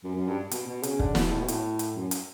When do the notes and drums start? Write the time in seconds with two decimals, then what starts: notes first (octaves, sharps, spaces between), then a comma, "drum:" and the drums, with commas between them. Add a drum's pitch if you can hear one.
0.04 F#2
0.15 F#2
0.28 G2
0.51 B2, drum: hi-hat
0.67 B2
0.83 C#3, drum: hi-hat
0.99 D3, drum: kick
1.15 B2, drum: snare
1.31 A2
1.39 B2
1.48 A2, drum: hi-hat
1.79 drum: hi-hat
1.96 F#2
2.11 drum: hi-hat